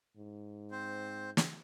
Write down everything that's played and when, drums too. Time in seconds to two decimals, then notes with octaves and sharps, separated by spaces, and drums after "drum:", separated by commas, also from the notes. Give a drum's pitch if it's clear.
0.17 G#2
0.71 C4 C5
1.37 drum: snare